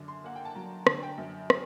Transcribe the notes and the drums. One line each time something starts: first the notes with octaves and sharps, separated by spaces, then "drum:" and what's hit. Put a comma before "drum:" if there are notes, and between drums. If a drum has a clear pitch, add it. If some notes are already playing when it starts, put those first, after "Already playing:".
Already playing: F#2 D3 D6
C6
A#3 F#5
G5
A5
F#3 A#5
D3, drum: rim click
G5
F#2
drum: rim click